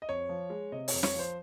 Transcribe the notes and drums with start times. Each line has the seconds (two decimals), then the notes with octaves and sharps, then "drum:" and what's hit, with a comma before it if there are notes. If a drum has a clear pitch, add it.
0.02 D#5
0.09 F2 C#5
0.29 F3
0.50 G#3
0.72 C3 D#5
0.88 C#5, drum: open hi-hat
0.94 F2
1.03 C#5, drum: snare
1.15 F3 C5